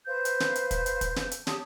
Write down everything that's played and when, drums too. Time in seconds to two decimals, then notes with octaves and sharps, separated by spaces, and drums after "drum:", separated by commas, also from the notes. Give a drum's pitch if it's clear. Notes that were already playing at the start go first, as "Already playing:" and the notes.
0.06 B4 C5 F5 G6
0.25 drum: hi-hat
0.40 drum: snare
0.55 drum: hi-hat
0.71 drum: kick, hi-hat
0.86 drum: hi-hat
1.01 drum: kick, hi-hat
1.16 drum: snare
1.31 drum: hi-hat
1.47 G4 C#5 A5 D#6, drum: snare